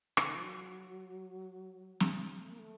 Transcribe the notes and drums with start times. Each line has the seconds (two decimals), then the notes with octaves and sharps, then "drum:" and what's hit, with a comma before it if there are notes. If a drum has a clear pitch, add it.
0.17 C#3, drum: rim click
0.25 D#3
0.35 F3
0.43 F#3
2.00 drum: snare
2.39 A3
2.50 A#3
2.59 A3